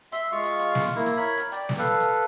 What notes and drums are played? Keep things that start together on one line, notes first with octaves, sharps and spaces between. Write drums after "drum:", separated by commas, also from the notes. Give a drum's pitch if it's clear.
E5 C6, drum: hi-hat
G#3 F4 F5 C#6
drum: hi-hat
drum: hi-hat
drum: snare
A#3 E4
drum: hi-hat
A#4 C#5 B5
drum: hi-hat
D5 G5, drum: hi-hat
drum: snare
A4 B4 F5
drum: hi-hat